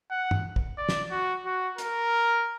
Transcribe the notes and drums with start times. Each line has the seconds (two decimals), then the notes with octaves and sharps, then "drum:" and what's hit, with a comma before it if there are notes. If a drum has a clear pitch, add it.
0.10 F#5
0.31 drum: tom
0.56 drum: kick
0.78 D5
0.89 drum: snare
1.11 F#4
1.46 F#4
1.78 A#4, drum: hi-hat